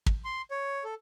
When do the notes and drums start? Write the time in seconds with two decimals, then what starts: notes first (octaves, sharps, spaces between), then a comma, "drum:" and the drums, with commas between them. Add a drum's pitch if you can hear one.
0.06 drum: kick
0.25 C6
0.51 C#5
0.84 A4